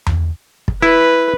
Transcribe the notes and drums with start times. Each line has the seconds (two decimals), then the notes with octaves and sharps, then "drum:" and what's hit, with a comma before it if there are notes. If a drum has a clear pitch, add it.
0.06 drum: tom E2
0.68 drum: kick
0.82 E4 B4